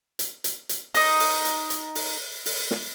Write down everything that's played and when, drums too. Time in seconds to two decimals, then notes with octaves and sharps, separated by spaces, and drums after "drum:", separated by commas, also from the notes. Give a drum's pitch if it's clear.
0.19 drum: hi-hat
0.44 drum: hi-hat
0.69 drum: hi-hat
0.94 D#4 D#5, drum: open hi-hat
1.20 drum: open hi-hat
1.45 drum: hi-hat
1.70 drum: hi-hat
1.95 drum: open hi-hat
2.46 drum: open hi-hat
2.71 drum: snare